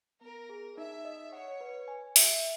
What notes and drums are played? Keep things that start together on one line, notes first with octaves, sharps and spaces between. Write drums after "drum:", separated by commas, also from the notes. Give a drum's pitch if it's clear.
B3 A#4
G#4
D#4 E5
D#5
C#5 F#5
B4
G#5
E5, drum: open hi-hat